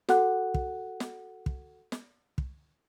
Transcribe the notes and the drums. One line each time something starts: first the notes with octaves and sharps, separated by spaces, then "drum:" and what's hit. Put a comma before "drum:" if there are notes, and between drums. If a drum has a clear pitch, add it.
F#4 A4 F#5 F#6, drum: snare
drum: kick
drum: snare
drum: kick
drum: snare
drum: kick